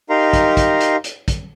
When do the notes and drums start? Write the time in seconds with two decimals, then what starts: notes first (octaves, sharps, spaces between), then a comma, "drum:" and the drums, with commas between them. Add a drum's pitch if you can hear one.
0.10 D#4 G4 A#4 F5 A#5 C6
0.33 drum: kick, hi-hat
0.57 drum: kick, hi-hat
0.81 drum: hi-hat
1.04 drum: hi-hat
1.28 drum: kick, hi-hat